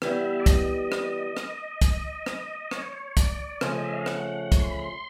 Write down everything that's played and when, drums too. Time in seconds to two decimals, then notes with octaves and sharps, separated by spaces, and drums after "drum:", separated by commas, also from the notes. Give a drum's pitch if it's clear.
0.02 E3 G3 B3 E5, drum: rim click
0.40 D5
0.46 D#5, drum: kick, hi-hat
0.92 drum: rim click
1.37 drum: rim click
1.82 drum: kick, hi-hat
2.26 drum: rim click
2.71 C#5, drum: rim click
3.17 D5, drum: kick, hi-hat
3.61 C#3 F3 A3 C#4 D#5, drum: rim click
3.84 E5
3.95 F5
4.06 F#5, drum: rim click
4.52 C#6, drum: kick, hi-hat
4.60 C6
4.70 B5
4.79 C6